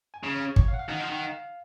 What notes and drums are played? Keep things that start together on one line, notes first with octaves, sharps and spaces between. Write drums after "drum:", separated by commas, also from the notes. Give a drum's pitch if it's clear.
G#5
C#3 A#5
C#5
C#5
C#5, drum: kick
F5
F#5
F5
D#3 F#5
F3
D#3
F#5
F5